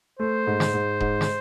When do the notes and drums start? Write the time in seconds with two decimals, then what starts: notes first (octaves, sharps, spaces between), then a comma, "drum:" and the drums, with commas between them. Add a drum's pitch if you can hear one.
0.20 A3 C5
0.47 G#2
0.60 drum: snare
0.73 G#2
1.00 G#2, drum: kick D#1
1.21 drum: snare